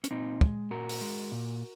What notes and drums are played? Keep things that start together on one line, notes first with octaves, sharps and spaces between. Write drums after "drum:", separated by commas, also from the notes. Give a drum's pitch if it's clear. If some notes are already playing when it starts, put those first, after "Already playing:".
C#4, drum: hi-hat
A#2 C4 D#4
G#3, drum: kick
A#2 F#4 A#4
drum: open hi-hat
G#3
A#2